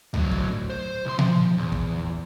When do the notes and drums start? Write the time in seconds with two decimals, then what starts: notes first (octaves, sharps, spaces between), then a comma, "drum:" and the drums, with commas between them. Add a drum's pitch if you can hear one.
0.14 A2 F#3, drum: tom C#2
0.31 drum: kick
0.70 C5
1.06 C2 C6
1.19 F3, drum: tom A#2
1.58 E2
1.72 drum: kick